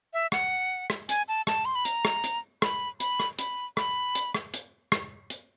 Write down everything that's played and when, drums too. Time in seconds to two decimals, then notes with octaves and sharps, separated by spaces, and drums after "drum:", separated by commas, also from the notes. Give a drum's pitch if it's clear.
0.13 E5
0.32 F#5, drum: rim click
0.90 drum: rim click
1.09 G#5, drum: hi-hat
1.28 A5
1.47 A5, drum: rim click
1.65 C6
1.75 B5
1.85 A#5, drum: hi-hat
2.05 drum: rim click
2.24 drum: hi-hat
2.62 B5, drum: rim click
3.00 B5, drum: hi-hat
3.20 drum: rim click
3.39 B5, drum: hi-hat
3.77 B5, drum: rim click
4.15 drum: hi-hat
4.34 drum: rim click
4.54 drum: hi-hat
4.92 drum: rim click
5.30 drum: hi-hat